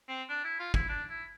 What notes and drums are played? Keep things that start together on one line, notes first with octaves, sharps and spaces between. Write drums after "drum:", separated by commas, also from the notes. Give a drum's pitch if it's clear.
C4
D4
E4
F4
E4, drum: kick
D4
E4